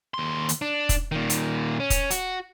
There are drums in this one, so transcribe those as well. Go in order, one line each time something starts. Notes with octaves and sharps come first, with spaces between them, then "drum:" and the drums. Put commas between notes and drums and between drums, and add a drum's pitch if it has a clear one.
D#2 C6
drum: hi-hat
D4
drum: kick, hi-hat
A#2 D#3
drum: hi-hat
C#4
drum: kick, hi-hat
F#4, drum: hi-hat